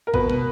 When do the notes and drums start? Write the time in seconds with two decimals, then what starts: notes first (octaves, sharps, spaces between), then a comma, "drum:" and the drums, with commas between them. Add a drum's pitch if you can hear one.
0.07 A#4
0.14 B2 B4, drum: kick A1
0.30 drum: tom